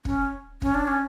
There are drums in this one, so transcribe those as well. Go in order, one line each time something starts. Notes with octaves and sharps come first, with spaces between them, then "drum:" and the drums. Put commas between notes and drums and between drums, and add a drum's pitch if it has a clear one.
C#4, drum: kick
C#4, drum: kick
D4
C#4